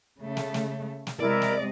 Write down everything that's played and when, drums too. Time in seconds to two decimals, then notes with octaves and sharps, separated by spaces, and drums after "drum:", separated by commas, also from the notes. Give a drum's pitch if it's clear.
0.19 C#3 A3
0.37 drum: snare
0.54 drum: snare
1.07 drum: snare
1.20 C3 G#3 E4 A#4 D5 D#5
1.42 drum: snare